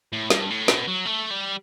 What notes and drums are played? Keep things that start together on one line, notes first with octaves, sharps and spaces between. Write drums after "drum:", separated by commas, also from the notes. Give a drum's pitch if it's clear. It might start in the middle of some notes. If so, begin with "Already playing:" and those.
A2
G2, drum: snare
A2
B2, drum: snare
F#3
A3
G3